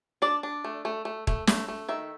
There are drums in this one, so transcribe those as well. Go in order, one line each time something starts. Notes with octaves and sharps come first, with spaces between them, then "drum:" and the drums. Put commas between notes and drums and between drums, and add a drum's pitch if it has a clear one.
D4 D5
D4
A3
A3
A3
A3, drum: kick D#1
A3, drum: snare
A3
D#3 E5